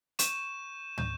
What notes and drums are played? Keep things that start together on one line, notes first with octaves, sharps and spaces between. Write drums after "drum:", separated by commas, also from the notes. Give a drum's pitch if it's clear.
C#6 G6 E7, drum: hi-hat
C#6 G6, drum: tom